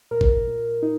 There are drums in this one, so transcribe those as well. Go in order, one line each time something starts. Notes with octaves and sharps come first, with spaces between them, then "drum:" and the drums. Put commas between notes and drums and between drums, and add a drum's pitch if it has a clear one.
A#2 A#4
drum: kick G#1
A#2
A#2 D#4